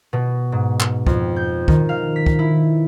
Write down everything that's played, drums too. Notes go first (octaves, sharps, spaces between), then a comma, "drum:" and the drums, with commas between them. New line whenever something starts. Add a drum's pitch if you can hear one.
B2
G#2
drum: clap
F2, drum: kick
G6
D#3, drum: kick
F5
B6
drum: kick
E4